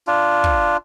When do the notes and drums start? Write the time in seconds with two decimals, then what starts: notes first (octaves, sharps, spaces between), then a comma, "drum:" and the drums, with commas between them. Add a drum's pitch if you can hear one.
0.07 D4 F4
0.44 drum: kick